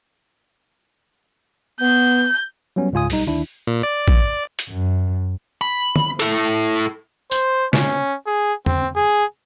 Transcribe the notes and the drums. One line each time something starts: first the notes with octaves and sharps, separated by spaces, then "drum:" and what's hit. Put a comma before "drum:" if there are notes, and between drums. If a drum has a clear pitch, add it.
B3 G6
F#3 G3 B3 C#4
C#2 G#2 F4 G#5 D#6
B1 G3 D#4, drum: open hi-hat
D2 D#3 D4 E4
A#2
D5
drum: kick A1
drum: hi-hat
F#2
B5
drum: tom
E4 A4, drum: hi-hat
C5, drum: tambourine
C#4, drum: snare
G#4
C4, drum: tom
G#4